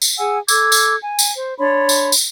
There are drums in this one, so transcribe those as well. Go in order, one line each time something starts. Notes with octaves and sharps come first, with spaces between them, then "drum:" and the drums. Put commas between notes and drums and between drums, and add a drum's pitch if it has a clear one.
drum: tambourine
G#4 F#5 G#5 E6
A4 D6 E6 G#6, drum: tambourine
drum: tambourine
G#5
drum: tambourine
C5
D4 C#5 B5 C6
drum: tambourine
drum: tambourine